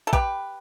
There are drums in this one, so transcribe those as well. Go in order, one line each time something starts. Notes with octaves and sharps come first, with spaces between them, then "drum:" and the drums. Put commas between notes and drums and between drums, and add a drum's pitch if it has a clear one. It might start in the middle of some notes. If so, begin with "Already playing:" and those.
A4
G4 B4 G5, drum: kick A#1